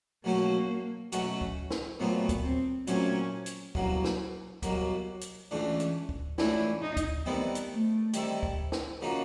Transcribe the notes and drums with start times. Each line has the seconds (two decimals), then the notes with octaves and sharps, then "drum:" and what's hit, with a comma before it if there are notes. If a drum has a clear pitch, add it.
0.24 B2 F#3 A3 A#3 C#4 F#4
1.12 B2 F#3 A3 C#4 F#4, drum: hi-hat
1.41 drum: kick
1.71 drum: snare
2.00 A#2 F#3 A3 B3 C4
2.29 drum: kick, hi-hat
2.44 C4
2.87 A#2 F#3 A3 C4 C#4, drum: hi-hat
3.46 drum: hi-hat
3.75 C2 B2 F#3 A#3, drum: kick
4.04 drum: snare
4.62 C2 B2 F#3 A#3, drum: kick, hi-hat
5.21 drum: hi-hat
5.51 C#2 C#3 E3 A3 D4
5.80 drum: hi-hat
6.09 drum: kick
6.38 C#2 C#3 E3 A3 D4 E4, drum: snare
6.82 D#4
6.97 drum: kick, hi-hat
7.26 D#3 G3 B3 C4 E4 A4
7.55 drum: hi-hat
7.70 A3
8.13 D#3 G3 C4 E4 A4, drum: hi-hat
8.43 drum: kick
8.72 drum: snare
9.01 C#3 F3 A#3 D#4 F#4